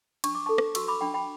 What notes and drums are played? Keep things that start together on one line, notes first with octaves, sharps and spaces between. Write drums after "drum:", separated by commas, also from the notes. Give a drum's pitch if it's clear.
D4 C#6, drum: cymbal
D6
A4 A5 C#6
drum: rim click
F#4 C#6 E6, drum: cymbal
B5 D6
D4 G5 B5
G5 B5